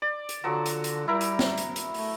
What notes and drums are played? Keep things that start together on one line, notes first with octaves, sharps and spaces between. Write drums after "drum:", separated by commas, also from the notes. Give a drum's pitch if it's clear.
D5
drum: hi-hat
D3 F3 F#3 F#4
drum: hi-hat
drum: hi-hat
G3 E4 A#4
drum: hi-hat
drum: snare
drum: hi-hat
drum: hi-hat
A3, drum: open hi-hat